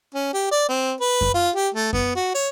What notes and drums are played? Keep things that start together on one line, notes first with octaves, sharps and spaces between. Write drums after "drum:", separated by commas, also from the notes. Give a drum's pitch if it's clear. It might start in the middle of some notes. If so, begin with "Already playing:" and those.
C#4
G4
D5
C4
B4
drum: kick F#2
F4
G4
A3
B3, drum: kick F#2
F#4
C#5